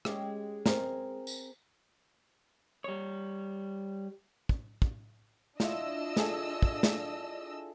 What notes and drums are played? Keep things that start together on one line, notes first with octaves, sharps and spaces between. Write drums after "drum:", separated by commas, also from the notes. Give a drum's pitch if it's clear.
G#3 C#4 G4, drum: rim click
C4 G#4 A#4, drum: snare
drum: tambourine
G3 C#5
drum: kick
drum: kick
D4 E4 F4 D#5 E6, drum: snare
G#4 A4 G#5, drum: snare
drum: kick
drum: snare